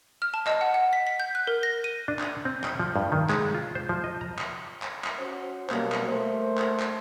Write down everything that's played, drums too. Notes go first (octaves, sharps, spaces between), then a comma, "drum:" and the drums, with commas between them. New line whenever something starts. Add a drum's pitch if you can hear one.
F6
A5
D#5, drum: clap
F#5
F#5
B6
B6
G6
F#6
A#4
A#6
D#7
D4
drum: clap
C4
G5, drum: clap
F3
G2
D#3
G#3, drum: clap
F4
C5
F3
D#5
A#5
drum: clap
drum: clap
drum: clap
C#4 F#4 C5
B2 F#3 G3 A#3, drum: clap
drum: clap
A3 A#4 C5
drum: clap
drum: clap